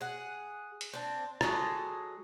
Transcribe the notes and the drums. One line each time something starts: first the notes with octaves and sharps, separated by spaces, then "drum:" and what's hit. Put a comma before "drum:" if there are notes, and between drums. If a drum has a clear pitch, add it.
G#4 F#5
drum: hi-hat
C4 D4
F#3 G#3 G#4 A4, drum: rim click